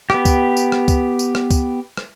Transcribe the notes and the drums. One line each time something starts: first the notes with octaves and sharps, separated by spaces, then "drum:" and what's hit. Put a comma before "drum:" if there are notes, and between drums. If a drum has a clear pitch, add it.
B3 G4, drum: rim click
drum: kick C#2, tambourine
drum: tambourine
drum: rim click
drum: kick C#2, tambourine
drum: tambourine
drum: rim click
drum: kick C#2, tambourine
drum: rim click